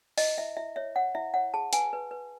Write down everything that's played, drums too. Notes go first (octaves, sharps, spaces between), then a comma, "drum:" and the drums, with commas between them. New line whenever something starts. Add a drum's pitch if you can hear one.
E4 D#5, drum: open hi-hat
E4 E5
E4 E5
C#5 E5
C#5 F#5
E4 E5
C#5 F#5
G#4 A5
B4 G#5, drum: hi-hat
B4
B4